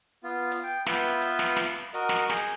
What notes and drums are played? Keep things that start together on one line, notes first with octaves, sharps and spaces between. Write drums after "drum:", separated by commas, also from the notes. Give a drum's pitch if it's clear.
B3 F4
drum: hi-hat
G5
B3 F4 B4 E5 G6, drum: snare
drum: hi-hat
drum: snare
drum: snare
F#4 A#4 D#5, drum: hi-hat
drum: snare
G#4 G6, drum: snare